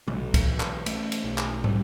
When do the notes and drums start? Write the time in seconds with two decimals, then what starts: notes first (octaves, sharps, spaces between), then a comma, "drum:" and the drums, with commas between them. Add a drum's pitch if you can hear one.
0.08 B1, drum: tom C3
0.34 drum: kick, cymbal
0.48 E3
0.60 drum: clap
0.86 A3, drum: cymbal
1.12 drum: cymbal
1.24 B1
1.38 drum: clap
1.64 G3, drum: tom